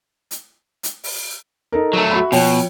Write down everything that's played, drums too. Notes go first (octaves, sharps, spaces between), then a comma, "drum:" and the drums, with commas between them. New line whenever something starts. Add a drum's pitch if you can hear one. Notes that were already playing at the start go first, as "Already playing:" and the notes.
drum: hi-hat
drum: hi-hat
drum: open hi-hat
D#4 A4 A#4
F#3 A3
F#4 E5 B5
B2 F3 C#5 G5, drum: open hi-hat